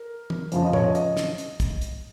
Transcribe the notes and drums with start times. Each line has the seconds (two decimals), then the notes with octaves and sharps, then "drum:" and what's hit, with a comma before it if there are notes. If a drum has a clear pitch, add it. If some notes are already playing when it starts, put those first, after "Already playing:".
Already playing: A#4
0.30 drum: tom
0.52 F2 C#3 F3, drum: hi-hat
0.62 D#5
0.73 C#5, drum: tom A2
0.84 D#5
0.95 D#5, drum: hi-hat
1.17 drum: snare
1.38 drum: hi-hat
1.60 drum: kick, hi-hat
1.82 drum: hi-hat